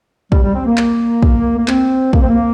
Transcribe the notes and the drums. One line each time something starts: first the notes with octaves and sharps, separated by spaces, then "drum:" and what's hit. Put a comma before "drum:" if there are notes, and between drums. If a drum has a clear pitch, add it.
G3, drum: kick
G3
C4
A#3
drum: clap
drum: kick
A#3
C4, drum: clap
A#3, drum: kick
C4
A#3